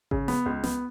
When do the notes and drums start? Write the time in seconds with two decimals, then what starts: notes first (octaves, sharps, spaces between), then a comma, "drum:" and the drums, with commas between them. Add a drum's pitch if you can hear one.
0.11 C#3, drum: kick G#1
0.28 B3, drum: snare
0.46 C#2
0.64 B3, drum: snare